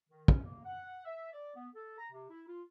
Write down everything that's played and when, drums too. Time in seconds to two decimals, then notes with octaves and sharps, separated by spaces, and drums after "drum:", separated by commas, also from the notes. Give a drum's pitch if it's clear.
0.08 D#3
0.28 C#4, drum: kick
0.43 A#3
0.65 F#5
1.05 E5
1.32 D5
1.55 B3
1.75 A4
1.98 A#5
2.12 C3
2.30 E4
2.48 F4